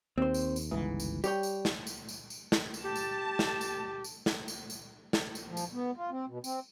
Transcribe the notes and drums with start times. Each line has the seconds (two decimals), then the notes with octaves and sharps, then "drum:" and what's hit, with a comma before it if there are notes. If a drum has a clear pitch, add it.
0.18 D#2 C4 C5
0.34 drum: tambourine
0.56 drum: tambourine
0.71 G1 C#2 G#2 E3
1.00 drum: tambourine
1.24 G3 G4 C#5 G5, drum: tambourine
1.43 drum: tambourine
1.65 drum: snare
1.87 drum: tambourine
2.08 drum: tambourine
2.30 drum: tambourine
2.52 drum: snare
2.74 drum: tambourine
2.83 G4 A5
2.96 drum: tambourine
3.39 drum: snare
3.61 drum: tambourine
4.04 drum: tambourine
4.26 drum: snare
4.48 drum: tambourine
4.70 drum: tambourine
5.13 drum: snare
5.35 drum: tambourine
5.48 F3
5.57 drum: tambourine
5.73 B3
5.97 F4
6.11 C4
6.28 B2
6.44 C4, drum: tambourine